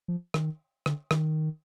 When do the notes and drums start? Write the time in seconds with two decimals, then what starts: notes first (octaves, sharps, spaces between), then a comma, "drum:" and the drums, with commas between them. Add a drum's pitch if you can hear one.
0.08 F3
0.34 D#3, drum: rim click
0.86 D3, drum: rim click
1.11 D#3, drum: rim click